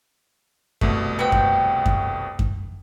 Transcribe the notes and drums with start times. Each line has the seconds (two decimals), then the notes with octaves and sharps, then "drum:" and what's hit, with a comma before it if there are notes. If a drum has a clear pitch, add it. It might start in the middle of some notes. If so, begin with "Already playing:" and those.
0.81 C2 B2 A3, drum: kick F#2
1.19 B3 C4 G5
1.32 drum: kick F#2
1.86 drum: kick F#2
2.39 drum: kick F#2